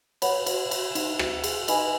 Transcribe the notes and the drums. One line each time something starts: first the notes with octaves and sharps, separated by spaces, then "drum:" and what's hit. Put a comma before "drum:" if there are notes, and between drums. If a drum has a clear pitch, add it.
B4 C#5 F#5 B5, drum: cymbal
F#4, drum: cymbal
F#4, drum: cymbal
D#4, drum: cymbal
F#4, drum: rim click
G#4, drum: cymbal
D#4 B4 D#5 G#5 B5, drum: cymbal